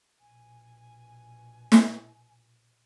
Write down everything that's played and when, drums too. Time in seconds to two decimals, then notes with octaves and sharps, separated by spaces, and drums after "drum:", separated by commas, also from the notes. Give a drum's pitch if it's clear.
0.20 A#1 B2 G#5
1.72 drum: snare